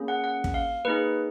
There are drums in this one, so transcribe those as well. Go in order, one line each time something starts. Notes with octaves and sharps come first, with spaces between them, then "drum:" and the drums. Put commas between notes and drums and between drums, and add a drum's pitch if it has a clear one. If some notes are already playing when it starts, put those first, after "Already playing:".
Already playing: A#3 C#4 G#4
F#5
F#5
drum: kick
F5
A#3 D#4 G#4 B4